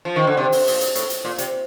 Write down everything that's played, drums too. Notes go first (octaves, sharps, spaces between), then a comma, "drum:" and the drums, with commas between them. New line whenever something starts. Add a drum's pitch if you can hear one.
F3
D#3
D3
C3
drum: open hi-hat
A#2, drum: open hi-hat
drum: hi-hat
A2, drum: hi-hat
drum: hi-hat
A#2
C3, drum: hi-hat